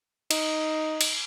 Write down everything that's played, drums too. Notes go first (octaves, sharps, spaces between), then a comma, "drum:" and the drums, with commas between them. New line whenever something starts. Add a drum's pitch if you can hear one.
D#4, drum: cymbal
drum: cymbal